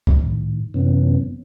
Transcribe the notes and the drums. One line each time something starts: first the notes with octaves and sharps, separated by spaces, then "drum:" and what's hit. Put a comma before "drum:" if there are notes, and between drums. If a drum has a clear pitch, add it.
drum: kick C2
A2 D#3
F#2 C3 E3 B3 C#4